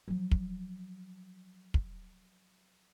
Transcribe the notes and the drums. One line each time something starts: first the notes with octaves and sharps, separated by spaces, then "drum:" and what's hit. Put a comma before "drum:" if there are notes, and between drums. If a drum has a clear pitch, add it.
F3 F#3
drum: kick
drum: kick